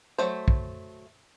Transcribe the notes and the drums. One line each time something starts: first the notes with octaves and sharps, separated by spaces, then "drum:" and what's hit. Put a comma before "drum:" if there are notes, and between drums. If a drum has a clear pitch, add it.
F#3 A3 C5
drum: kick